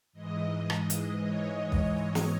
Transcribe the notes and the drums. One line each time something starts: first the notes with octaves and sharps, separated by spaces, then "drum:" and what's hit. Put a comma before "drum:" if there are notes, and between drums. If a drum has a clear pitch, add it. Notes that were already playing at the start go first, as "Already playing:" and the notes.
G#2 E3 G#3 D#5
drum: rim click
drum: hi-hat
C#5
drum: kick
drum: snare